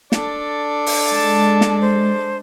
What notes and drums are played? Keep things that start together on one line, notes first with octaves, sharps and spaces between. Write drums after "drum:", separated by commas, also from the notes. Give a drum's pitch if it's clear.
D4 A4, drum: snare
drum: open hi-hat
G#3 A5
drum: snare
C5